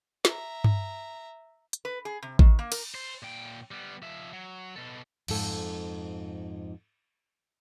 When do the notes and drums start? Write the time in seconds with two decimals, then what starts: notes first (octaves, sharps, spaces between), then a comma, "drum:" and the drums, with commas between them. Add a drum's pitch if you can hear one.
0.25 E5 A#5, drum: snare
0.64 drum: tom G2
1.73 drum: hi-hat
1.85 B4
2.05 G#4
2.23 C3
2.39 D#3, drum: kick A1
2.59 A#3
2.72 A#4, drum: cymbal
2.95 C5
3.23 A#2 G5
3.71 G3 B3
4.02 F3 E5
4.33 F#3
4.76 B2 A4
5.28 F2 G#2 A4, drum: cymbal